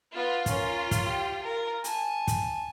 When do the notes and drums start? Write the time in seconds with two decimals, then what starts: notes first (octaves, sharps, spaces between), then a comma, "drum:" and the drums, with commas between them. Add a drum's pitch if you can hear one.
0.15 B3 F4
0.46 C#4 A#4, drum: kick, hi-hat
0.91 drum: kick, hi-hat
1.05 G4
1.43 A#4
1.84 G#5 A5, drum: hi-hat
2.27 drum: kick, hi-hat